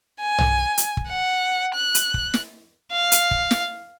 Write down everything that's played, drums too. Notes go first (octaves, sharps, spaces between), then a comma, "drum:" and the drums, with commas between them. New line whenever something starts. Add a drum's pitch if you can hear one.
G#5
drum: tom B1
drum: hi-hat
drum: kick
F#5
F#6
drum: hi-hat
drum: kick
drum: snare
F5
drum: hi-hat
drum: kick
drum: snare